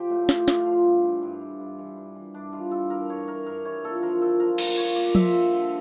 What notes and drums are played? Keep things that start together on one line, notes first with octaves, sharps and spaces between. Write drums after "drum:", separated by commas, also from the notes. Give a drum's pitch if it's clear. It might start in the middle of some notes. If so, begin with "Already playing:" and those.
Already playing: F3 G4
A2
F3, drum: snare
A2, drum: snare
F4
F3
G2
E3
G2
E3
G2
E3
G2
E3
G2 D4
E3 F4
G2 A4
E3 A#4
G2 C#5
E3 A#4
G2 A#4
E3 C#5
A#2 A4
F3 A#4
A#2 A4
F3 A#4
A#2 A#4, drum: cymbal
F3 C#5
A#2 D5
F3 E5, drum: tom F3
G2
D3